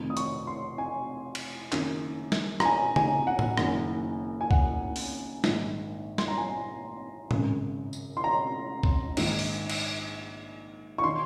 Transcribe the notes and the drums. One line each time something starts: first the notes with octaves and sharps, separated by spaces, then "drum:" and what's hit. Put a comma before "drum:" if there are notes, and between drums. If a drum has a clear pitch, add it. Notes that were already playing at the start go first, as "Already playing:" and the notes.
Already playing: F1 F2 D#3
D#6
C#6, drum: hi-hat
C6
G#5
drum: cymbal
F#1 F#2 D#3, drum: clap
drum: snare
A#5, drum: rim click
G#5
G#5, drum: tom
F#5
drum: tom A2
F#1 F#2 D#3, drum: rim click
G#5
F#5, drum: kick C2
drum: open hi-hat
A#1 G#2 D#3, drum: snare
C6, drum: snare
A#5
G#5
G#1 F#2 C#3, drum: tom A2
drum: tambourine
C6
A#5
drum: kick C2
A#1 G#2 D#3, drum: cymbal
drum: open hi-hat
drum: cymbal
C#6
D#3 C6